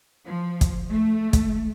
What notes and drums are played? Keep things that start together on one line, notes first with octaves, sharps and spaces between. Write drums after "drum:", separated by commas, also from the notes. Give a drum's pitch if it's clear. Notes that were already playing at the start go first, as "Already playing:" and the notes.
F3
drum: kick, hi-hat
A3
drum: kick, hi-hat